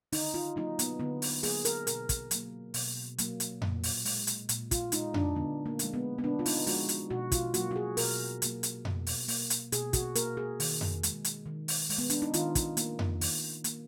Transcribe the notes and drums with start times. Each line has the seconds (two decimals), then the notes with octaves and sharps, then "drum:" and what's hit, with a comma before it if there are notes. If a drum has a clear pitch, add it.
0.12 D3 D#4, drum: open hi-hat
0.34 F4
0.56 F#3 A#3 D#4
0.79 B3, drum: hi-hat
0.99 D3 B3
1.22 drum: open hi-hat
1.43 F#3 A#3 G#4, drum: open hi-hat
1.65 A#4, drum: hi-hat
1.87 B2 A#4, drum: hi-hat
2.09 drum: kick, hi-hat
2.31 F#3 A#3, drum: hi-hat
2.74 B2, drum: open hi-hat
3.18 F#3 A#3, drum: hi-hat
3.40 drum: hi-hat
3.62 A#2, drum: tom F2
3.83 drum: open hi-hat
4.05 G#3, drum: open hi-hat
4.27 drum: hi-hat
4.49 A#2, drum: hi-hat
4.71 F4, drum: kick, hi-hat
4.92 G#3 D#4, drum: hi-hat
5.14 D4, drum: tom F2
5.35 D3 B3
5.66 A#3
5.79 F3 G#3, drum: hi-hat
5.94 B3
6.18 B3
6.24 D3 D4
6.39 F4
6.46 D#4, drum: open hi-hat
6.67 F3 G#3 F#4, drum: open hi-hat
6.89 drum: hi-hat
7.10 B2 F#4
7.32 F4, drum: kick, hi-hat
7.54 F#3 A#3 F#4, drum: hi-hat
7.71 F#4
7.76 G#4
7.97 B2 A#4, drum: open hi-hat
8.42 F#3 A#3, drum: hi-hat
8.63 drum: hi-hat
8.85 B2, drum: tom F2
9.07 drum: open hi-hat
9.28 A#3, drum: open hi-hat
9.50 drum: hi-hat
9.72 B2 G#4, drum: hi-hat
9.93 F#4, drum: kick, hi-hat
10.15 A#3 A#4, drum: hi-hat
10.37 G#4
10.60 D#3, drum: open hi-hat
10.81 drum: tom F2
11.03 G#3, drum: hi-hat
11.25 drum: hi-hat
11.46 D#3
11.68 drum: open hi-hat
11.90 G#3, drum: open hi-hat
11.98 B3
12.10 D4, drum: hi-hat
12.22 D#4
12.34 D#3 F4, drum: hi-hat
12.55 drum: kick, hi-hat
12.77 A#3, drum: hi-hat
12.99 drum: tom F2
13.21 D#3, drum: open hi-hat
13.64 A#3, drum: hi-hat